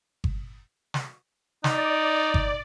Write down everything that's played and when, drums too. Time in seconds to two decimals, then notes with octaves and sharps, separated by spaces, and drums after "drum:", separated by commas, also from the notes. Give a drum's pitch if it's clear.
0.24 drum: kick G1
0.94 drum: snare
1.64 D#4 D5, drum: snare
2.34 drum: kick G1